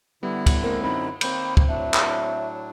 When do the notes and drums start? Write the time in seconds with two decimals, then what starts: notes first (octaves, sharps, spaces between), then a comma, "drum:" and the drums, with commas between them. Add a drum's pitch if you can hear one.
0.23 D3 G3 B3 E4
0.46 drum: kick, cymbal
0.63 G#3 A#3 C4 A#4
0.83 F#2 C4 D#4 B5
1.21 D#3 A#3 C4 B5 G6, drum: cymbal
1.57 drum: kick
1.68 A2 F#3 D4 E5
1.94 drum: clap